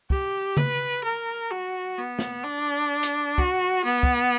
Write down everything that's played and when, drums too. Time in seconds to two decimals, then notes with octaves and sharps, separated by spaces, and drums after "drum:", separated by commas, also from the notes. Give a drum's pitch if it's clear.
0.10 G4, drum: kick
0.57 B4, drum: tom C#3
1.04 A#4
1.51 F#4
1.98 B3
2.19 drum: snare
2.44 D4
3.03 drum: hi-hat
3.38 F#4, drum: kick
3.85 B3
4.03 drum: kick